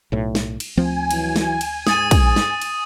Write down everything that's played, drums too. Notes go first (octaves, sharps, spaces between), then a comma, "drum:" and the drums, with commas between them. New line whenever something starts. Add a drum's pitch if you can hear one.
B1 A2
drum: snare
drum: cymbal
D2 F3 C4 G#5
E3 F#3, drum: cymbal
drum: snare
drum: cymbal
G#2 D#6 A6 D#7, drum: snare
drum: kick, cymbal
drum: snare
drum: cymbal